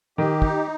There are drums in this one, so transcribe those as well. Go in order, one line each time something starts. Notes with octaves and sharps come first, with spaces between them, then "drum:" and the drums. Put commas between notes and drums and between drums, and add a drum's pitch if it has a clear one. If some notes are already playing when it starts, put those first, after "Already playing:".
D#3 G4
D#4, drum: kick